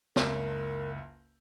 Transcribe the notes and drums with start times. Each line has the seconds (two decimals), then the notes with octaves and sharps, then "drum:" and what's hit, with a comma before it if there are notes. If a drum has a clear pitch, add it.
0.16 F#1 C#2 A#4 E5, drum: snare